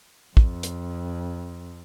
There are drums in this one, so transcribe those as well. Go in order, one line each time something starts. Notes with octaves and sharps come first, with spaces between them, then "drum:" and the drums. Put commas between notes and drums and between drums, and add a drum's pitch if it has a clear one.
F2, drum: kick
drum: hi-hat